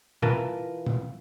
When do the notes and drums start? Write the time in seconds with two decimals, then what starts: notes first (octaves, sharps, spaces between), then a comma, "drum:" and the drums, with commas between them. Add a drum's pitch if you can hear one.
0.22 E3 F4 A#4 B4 A5, drum: tom
0.86 drum: tom